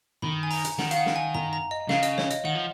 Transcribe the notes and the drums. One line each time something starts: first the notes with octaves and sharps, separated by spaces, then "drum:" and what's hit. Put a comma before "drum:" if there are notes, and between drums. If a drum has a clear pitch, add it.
D#3 B5, drum: tom
G#5
A#5, drum: open hi-hat
drum: hi-hat
D#3 F#5, drum: snare
F5, drum: hi-hat
F#5
drum: snare
G#5
A#5, drum: tom
A#5
D#5
C#3 F5, drum: snare
D#5, drum: hi-hat
C#5, drum: snare
D#5, drum: hi-hat
D#3 F#5
F3